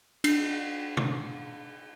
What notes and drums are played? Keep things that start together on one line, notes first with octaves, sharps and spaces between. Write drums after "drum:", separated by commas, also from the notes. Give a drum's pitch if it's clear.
D4 C7, drum: cymbal
drum: tom B2